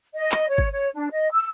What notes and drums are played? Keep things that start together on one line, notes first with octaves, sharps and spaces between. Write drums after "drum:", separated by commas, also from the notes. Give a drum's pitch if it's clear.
D#5
drum: clap
C#5
drum: kick
C#5
D4
D#5
E6